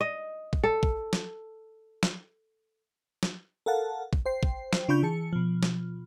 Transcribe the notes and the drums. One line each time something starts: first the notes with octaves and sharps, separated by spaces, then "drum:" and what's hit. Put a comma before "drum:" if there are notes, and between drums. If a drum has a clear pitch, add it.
D#5
drum: kick
A4
drum: kick
drum: snare
drum: snare
drum: snare
A4 A#4 F5 F#5 A5
drum: kick
C5 G5 C7
drum: kick
drum: snare
C#3 D4 F4 B5 C#6 G6
E3 G#4 A5 C#7
B2 F3
drum: snare